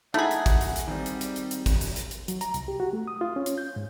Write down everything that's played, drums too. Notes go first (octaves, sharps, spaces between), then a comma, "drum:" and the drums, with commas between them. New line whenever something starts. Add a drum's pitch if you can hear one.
A3 D#4 E4 G#4 F#5 B5
drum: hi-hat
drum: kick G#1, hi-hat
drum: hi-hat
drum: hi-hat
D#3 G3 C4
drum: hi-hat
drum: hi-hat
drum: hi-hat
drum: hi-hat
drum: kick G#1, hi-hat
drum: hi-hat
drum: hi-hat
drum: hi-hat
F#3, drum: hi-hat
A#5, drum: hi-hat
C2, drum: hi-hat
G4
F#4
A3
D#6
F4
C#4
drum: hi-hat
G6
G#2